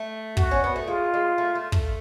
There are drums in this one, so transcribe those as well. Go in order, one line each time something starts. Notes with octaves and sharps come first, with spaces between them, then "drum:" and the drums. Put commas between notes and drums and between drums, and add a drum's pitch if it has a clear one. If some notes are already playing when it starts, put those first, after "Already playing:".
Already playing: A3
F#4, drum: kick
C#4
B3
A3
G#3 F4
G#3
A3
A3
A3, drum: kick